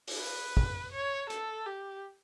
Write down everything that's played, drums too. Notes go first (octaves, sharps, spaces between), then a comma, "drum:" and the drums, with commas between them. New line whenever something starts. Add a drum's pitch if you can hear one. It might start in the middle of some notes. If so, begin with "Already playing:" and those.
drum: open hi-hat
B4
drum: kick
C#5
A4, drum: hi-hat
G4